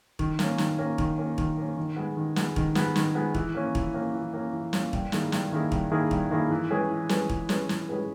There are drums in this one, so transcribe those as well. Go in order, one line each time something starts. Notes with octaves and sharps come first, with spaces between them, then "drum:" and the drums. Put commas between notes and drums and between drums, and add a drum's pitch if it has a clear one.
D#3, drum: kick
A#3 C#4, drum: snare
D#3, drum: snare
A#3 C#4
D#3, drum: kick
A#3 C#4
D#3, drum: kick
A#3 C#4
D#3
G#3 B3
D#3
G#3 B3, drum: snare
D#3, drum: kick
G#3 B3, drum: snare
D#3, drum: snare
G#3 B3
E3, drum: kick
A#3 C#4
E3, drum: kick
A#3 C#4
E3
A#3 C#4
E3
A#3 C#4, drum: snare
G2, drum: kick
D#3 A#3 E4 G#4, drum: snare
G2, drum: snare
D#3 A#3 E4 G#4
G2, drum: kick
D#3 A#3 E4 G#4
G2, drum: kick
D#3 A#3 E4 G#4
E3
G#3 C#4 G#4 B4
E3
G#3 C#4 G#4 B4, drum: snare
E3, drum: kick
G#3 C#4 G#4 B4, drum: snare
E3, drum: snare
G#3 C#4 G#4 B4